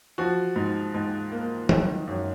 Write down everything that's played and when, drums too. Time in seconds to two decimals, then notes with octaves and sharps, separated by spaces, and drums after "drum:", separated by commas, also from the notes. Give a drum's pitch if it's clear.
0.18 F3 F#4
0.56 G#2
0.94 G#2
1.32 A#3
1.69 D#3, drum: tom F#3
2.07 F#2